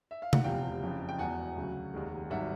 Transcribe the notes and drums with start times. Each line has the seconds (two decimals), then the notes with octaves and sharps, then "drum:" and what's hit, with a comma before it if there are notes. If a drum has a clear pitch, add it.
0.11 E5
0.22 F5
0.33 F#5, drum: tom C3
0.44 F1 E2 C3 F3 F5 G5
0.82 F#1 F2 C#3
1.09 G5
1.19 E1 E2 B2 F#5 G#5
1.57 D2 C#3 F#3
1.94 F1 D#2 D#3 G#3
2.30 G#1 G2 D#3 F#3 E5 F#5